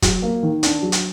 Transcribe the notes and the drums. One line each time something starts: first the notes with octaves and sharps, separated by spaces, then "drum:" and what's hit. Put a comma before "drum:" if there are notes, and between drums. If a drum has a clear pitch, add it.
F#3, drum: kick, hi-hat
A#3
D#3
D4, drum: hi-hat
F#3
drum: hi-hat